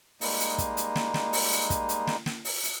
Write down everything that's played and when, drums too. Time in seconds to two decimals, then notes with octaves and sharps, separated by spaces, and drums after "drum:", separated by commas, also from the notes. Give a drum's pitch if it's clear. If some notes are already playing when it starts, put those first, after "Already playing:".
0.21 G3 G#3 A#3 D#4, drum: open hi-hat
0.40 drum: hi-hat
0.58 drum: kick, hi-hat
0.77 drum: hi-hat
0.96 drum: snare
1.14 drum: snare
1.33 drum: open hi-hat
1.51 drum: hi-hat
1.70 drum: kick, hi-hat
1.89 drum: hi-hat
2.07 drum: snare
2.26 drum: snare
2.45 drum: open hi-hat
2.63 drum: hi-hat